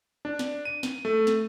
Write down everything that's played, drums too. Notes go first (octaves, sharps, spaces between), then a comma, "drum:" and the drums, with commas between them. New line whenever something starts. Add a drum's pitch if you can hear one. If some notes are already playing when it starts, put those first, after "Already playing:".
D4
drum: snare
D#7
drum: snare
A3
drum: snare